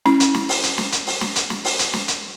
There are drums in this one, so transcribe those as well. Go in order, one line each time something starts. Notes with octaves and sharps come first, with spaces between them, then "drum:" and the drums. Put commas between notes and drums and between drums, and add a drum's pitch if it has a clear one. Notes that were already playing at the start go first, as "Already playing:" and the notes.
C#4 E4, drum: snare
drum: hi-hat
drum: snare
drum: open hi-hat
drum: hi-hat
drum: snare
drum: hi-hat
drum: open hi-hat
drum: snare
drum: hi-hat
drum: snare
drum: open hi-hat
drum: hi-hat
drum: snare
drum: hi-hat